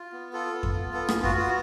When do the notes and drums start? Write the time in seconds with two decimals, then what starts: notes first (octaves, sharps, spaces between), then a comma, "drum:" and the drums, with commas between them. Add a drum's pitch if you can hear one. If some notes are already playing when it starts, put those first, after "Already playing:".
Already playing: F4
0.13 B3
0.33 F4 A4
0.53 B3
0.63 drum: kick F2
0.73 F4
0.93 B3 A4
1.09 G#4, drum: rim click
1.14 F4
1.24 F#4, drum: kick F2
1.34 B3 F#4